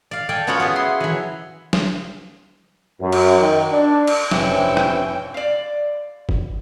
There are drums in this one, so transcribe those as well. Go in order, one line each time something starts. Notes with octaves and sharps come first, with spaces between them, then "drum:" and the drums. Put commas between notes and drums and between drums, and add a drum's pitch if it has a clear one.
D5 F5
A4 D5 F5 G5 G#5
B3 C#4 F4 F#4 C#5 F#5
B3 E4 G#4
C6
E3 F#3
drum: snare
F#2
drum: cymbal
D#3
D4
drum: cymbal
F1 G2 E3 C4 C#4 E4 G5, drum: snare
drum: rim click
D5 F5
drum: kick G1